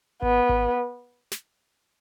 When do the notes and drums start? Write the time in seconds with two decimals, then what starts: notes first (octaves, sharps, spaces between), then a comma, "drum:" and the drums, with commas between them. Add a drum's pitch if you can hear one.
0.22 B3, drum: kick G#1
0.49 drum: kick G#1
1.32 drum: snare